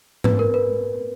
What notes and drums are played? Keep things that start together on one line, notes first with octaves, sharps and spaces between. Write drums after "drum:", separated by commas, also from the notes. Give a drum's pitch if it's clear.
B4, drum: tom G#2
A#4
B4